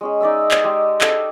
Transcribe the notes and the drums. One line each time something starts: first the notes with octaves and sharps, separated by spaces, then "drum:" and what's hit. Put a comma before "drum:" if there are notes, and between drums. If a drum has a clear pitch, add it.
G#3 C#4 G#4
D#4 D5 E5 E6
drum: clap
G#3 G4
A4, drum: clap